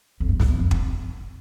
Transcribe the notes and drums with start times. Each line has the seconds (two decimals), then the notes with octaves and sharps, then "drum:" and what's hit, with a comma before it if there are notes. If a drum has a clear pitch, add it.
0.20 F2
0.29 G2
0.40 A2, drum: snare
0.48 E2
0.59 F2
0.71 drum: kick